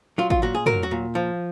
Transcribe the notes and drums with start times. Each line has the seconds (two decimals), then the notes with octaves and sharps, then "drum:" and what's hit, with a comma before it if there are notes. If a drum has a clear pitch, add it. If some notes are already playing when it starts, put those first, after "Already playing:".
0.18 F#3 F4
0.30 F4, drum: kick
0.42 A#2 F#4
0.55 G#4
0.66 F#3 A#4, drum: tom
0.83 F#4
0.91 A#2
1.15 F3